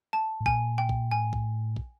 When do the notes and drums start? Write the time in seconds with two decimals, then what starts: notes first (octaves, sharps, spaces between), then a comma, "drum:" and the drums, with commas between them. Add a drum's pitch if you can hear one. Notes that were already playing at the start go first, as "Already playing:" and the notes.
0.13 A5
0.41 A2
0.46 A#2 G#5, drum: kick
0.78 G5
0.89 drum: kick
1.11 A2 G#5
1.33 drum: kick
1.76 drum: kick